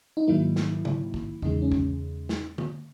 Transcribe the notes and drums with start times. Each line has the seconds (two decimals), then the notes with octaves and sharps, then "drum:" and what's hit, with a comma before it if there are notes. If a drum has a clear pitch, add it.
0.17 D#4
0.27 G#2 D#3 F#3 A#3 E4
0.56 drum: snare
0.85 drum: tom C#3
1.14 drum: kick
1.42 E2 C#3 G#3 D#4, drum: kick
1.62 C#4
1.72 drum: kick
2.29 drum: snare
2.58 drum: tom